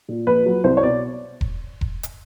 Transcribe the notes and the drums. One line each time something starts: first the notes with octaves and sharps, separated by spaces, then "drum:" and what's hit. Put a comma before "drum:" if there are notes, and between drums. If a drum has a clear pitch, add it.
A#2
A#1 B4
F#3
C2 C5
C#5
B2 D5
drum: kick E1
drum: kick E1
drum: hi-hat